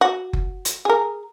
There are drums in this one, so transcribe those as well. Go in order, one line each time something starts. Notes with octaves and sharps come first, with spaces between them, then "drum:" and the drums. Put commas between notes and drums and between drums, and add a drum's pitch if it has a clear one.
F#4
drum: kick F#1
drum: hi-hat
G#4 A#4